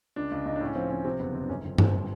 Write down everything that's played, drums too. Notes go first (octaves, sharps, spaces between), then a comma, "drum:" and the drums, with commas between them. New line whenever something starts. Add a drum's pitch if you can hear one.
C#2 D4
C#2
C#2 D#4
A2 D4
C#4
F3 C4
F3 C#4
C3 C4
F#1 B3
F#1 C4
D4
G1 C#4
G1 C4
G1 C4, drum: tom G2
G3 C4